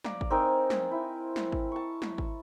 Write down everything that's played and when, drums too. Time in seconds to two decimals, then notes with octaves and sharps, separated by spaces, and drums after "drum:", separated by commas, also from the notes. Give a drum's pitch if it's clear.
0.04 D5 F5 A#5, drum: snare
0.21 drum: kick G#1
0.30 C4 D#4 A#4 G#5
0.70 drum: snare
0.91 E4
1.36 drum: snare
1.52 drum: kick G#1
1.72 A5 C#6
2.02 drum: snare
2.18 drum: kick G#1